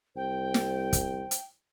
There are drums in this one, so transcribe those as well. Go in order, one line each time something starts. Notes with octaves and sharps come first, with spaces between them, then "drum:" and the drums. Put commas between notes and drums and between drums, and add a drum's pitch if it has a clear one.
C2 C5 G5
drum: snare
drum: kick, hi-hat
drum: hi-hat